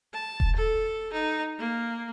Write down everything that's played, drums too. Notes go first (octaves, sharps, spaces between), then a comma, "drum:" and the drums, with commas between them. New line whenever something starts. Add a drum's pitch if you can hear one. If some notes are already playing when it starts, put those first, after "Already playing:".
A5
drum: kick E1
A4
D#4
A#3